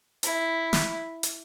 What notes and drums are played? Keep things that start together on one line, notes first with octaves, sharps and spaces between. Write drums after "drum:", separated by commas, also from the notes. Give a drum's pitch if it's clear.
E4, drum: hi-hat
drum: snare
drum: hi-hat